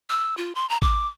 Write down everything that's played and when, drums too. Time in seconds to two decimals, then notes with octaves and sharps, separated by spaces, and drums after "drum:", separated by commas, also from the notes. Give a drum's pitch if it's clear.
0.09 E6
0.37 F4
0.55 C6
0.69 A#5
0.82 D6, drum: kick A1